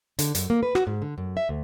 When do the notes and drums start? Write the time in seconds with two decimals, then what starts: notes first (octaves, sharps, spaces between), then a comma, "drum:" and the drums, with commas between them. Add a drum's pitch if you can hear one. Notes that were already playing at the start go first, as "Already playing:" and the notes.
0.19 D3, drum: hi-hat
0.35 F#2, drum: hi-hat
0.50 A#3
0.63 B4
0.75 F#4, drum: rim click
0.87 G#2
1.02 D3
1.18 F#2
1.37 E5
1.49 D2